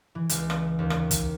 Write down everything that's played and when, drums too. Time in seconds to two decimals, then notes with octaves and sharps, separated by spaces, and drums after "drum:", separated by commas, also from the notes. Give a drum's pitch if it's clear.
0.15 E3
0.29 C#2, drum: hi-hat
0.50 drum: rim click
0.79 D#2
0.90 drum: rim click
1.11 drum: kick, hi-hat